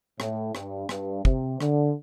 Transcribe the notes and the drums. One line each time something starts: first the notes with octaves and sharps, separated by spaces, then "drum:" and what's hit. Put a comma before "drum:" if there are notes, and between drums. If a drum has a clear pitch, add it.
A2, drum: rim click
G2, drum: rim click
G2, drum: rim click
C3, drum: kick
D3, drum: rim click